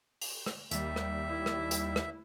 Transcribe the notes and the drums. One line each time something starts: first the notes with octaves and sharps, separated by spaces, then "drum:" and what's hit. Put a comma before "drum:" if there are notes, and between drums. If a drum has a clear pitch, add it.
drum: open hi-hat
drum: rim click
D#2 G3 E5, drum: hi-hat
drum: rim click
E4
drum: rim click
drum: hi-hat
drum: rim click